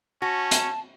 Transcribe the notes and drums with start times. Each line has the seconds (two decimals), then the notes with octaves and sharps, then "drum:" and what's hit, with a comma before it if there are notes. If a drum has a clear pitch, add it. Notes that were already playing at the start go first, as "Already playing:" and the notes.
0.22 C#4 F#4 A5
0.51 drum: hi-hat